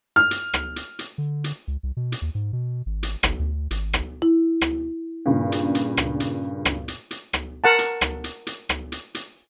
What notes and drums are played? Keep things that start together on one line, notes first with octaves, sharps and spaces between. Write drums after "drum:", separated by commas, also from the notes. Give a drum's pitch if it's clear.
F6
drum: hi-hat
drum: rim click
drum: hi-hat
drum: hi-hat
D3
drum: hi-hat
C#2
C2
B2
drum: hi-hat
D#2
G#2
B2
G#1
drum: hi-hat
G1, drum: rim click
D2
G#1, drum: hi-hat
drum: rim click
E4
drum: rim click
G2 A#2 C#3
drum: hi-hat
drum: hi-hat
drum: rim click
drum: hi-hat
drum: rim click
drum: hi-hat
drum: hi-hat
drum: rim click
A#4 F#5 A5
drum: hi-hat
drum: rim click
drum: hi-hat
drum: hi-hat
drum: rim click
drum: hi-hat
drum: hi-hat